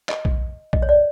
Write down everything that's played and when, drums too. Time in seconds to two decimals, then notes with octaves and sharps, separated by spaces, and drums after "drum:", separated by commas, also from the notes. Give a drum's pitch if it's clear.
0.09 D#5, drum: clap
0.25 drum: kick B1
0.73 D#5, drum: kick B1
0.82 C#5
0.89 D5